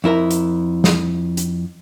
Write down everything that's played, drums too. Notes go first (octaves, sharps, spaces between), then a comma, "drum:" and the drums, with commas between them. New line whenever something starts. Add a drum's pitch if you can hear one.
F2 E4 A#4 A#5
drum: hi-hat
drum: snare
drum: hi-hat